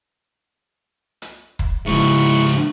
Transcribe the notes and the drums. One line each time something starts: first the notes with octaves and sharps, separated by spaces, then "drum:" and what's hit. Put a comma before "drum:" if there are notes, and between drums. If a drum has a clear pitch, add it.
drum: hi-hat
drum: kick
G#2 C#3 G#3 E4 C#6